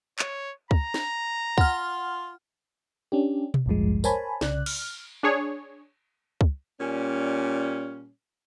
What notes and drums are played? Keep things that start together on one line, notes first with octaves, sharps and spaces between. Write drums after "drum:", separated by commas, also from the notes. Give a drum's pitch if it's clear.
C#5, drum: clap
A#5, drum: kick
drum: snare
F4 F#5 F6, drum: kick
C#4 D4 G4
drum: tom B2
A1 D2 G2 F3 G#3
A#4 C5 C#5 G#5 A5 B5, drum: tambourine
C2 C#3 D5 F#6, drum: snare
F6, drum: cymbal
D4 G#4 C#5
drum: kick
A#2 G3 C#4